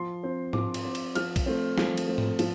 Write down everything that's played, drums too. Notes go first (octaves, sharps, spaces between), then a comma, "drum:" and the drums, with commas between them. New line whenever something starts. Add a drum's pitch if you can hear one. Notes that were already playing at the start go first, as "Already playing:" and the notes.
Already playing: F3 C6
C4
F3 D6, drum: tom
drum: cymbal
C4
drum: cymbal
F3 F6, drum: cymbal
drum: kick B1, cymbal
A3 C4
F3, drum: snare
drum: cymbal
A3 C4
drum: tom
F3, drum: cymbal